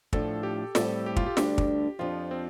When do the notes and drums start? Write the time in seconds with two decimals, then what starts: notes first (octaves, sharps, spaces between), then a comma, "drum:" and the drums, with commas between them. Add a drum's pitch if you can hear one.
0.13 A2 F3 D4 A4, drum: kick
0.43 G4
0.75 A2 G3 C4 A4, drum: snare
1.06 G4
1.16 F4, drum: kick
1.26 G4
1.37 D2 D3 G3 D4 G4, drum: snare
1.58 drum: kick
1.99 F2 F3 D4 F4
2.31 C4